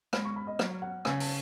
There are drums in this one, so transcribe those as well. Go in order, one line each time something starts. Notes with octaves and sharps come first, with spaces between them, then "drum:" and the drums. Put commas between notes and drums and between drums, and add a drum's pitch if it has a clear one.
G#3 B5, drum: rim click
C#6
B5
D#5
F#3, drum: rim click
F#5
C#3 G#5, drum: rim click
A5, drum: open hi-hat